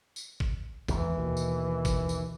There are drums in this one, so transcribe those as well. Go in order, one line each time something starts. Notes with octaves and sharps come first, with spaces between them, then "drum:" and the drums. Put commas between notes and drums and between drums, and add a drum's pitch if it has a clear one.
drum: tambourine
drum: kick
G#1 E2 E3 A3, drum: kick, tambourine
D#2 B2 D#3
drum: tambourine
drum: kick, tambourine
drum: tambourine